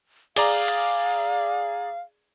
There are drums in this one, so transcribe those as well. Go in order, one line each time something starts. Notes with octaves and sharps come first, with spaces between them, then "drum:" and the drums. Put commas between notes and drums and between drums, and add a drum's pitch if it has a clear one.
G#4 D5 F5 A#5, drum: cymbal
drum: hi-hat